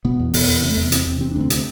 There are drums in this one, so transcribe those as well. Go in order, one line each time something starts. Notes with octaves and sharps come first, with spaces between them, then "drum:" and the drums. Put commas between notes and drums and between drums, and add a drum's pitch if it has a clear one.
B2 B3
E2
B2 B3, drum: open hi-hat
E2
C3
A3
E2 B3
C3 C4, drum: hi-hat
E2
C3 C4
D4
D2 C4
C3, drum: hi-hat